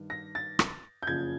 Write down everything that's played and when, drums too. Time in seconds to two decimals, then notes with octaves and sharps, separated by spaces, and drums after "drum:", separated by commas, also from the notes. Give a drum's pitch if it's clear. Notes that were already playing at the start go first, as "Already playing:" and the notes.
Already playing: G2 D#3
0.10 A#6
0.35 A6
0.59 drum: rim click
1.03 G6
1.07 F#1 F2 C#3 F3 G#6